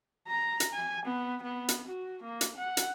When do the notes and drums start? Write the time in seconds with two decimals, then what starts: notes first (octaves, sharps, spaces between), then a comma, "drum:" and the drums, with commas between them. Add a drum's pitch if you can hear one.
0.27 A#5
0.60 drum: hi-hat
0.73 G#5
1.05 B3
1.42 B3
1.68 drum: hi-hat
1.87 F#4
2.23 A#3
2.41 drum: hi-hat
2.57 F#5
2.77 drum: hi-hat